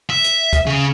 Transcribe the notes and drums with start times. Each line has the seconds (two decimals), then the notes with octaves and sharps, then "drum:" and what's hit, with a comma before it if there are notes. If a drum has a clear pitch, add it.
0.10 E5
0.24 drum: hi-hat
0.53 drum: kick, hi-hat
0.66 C#3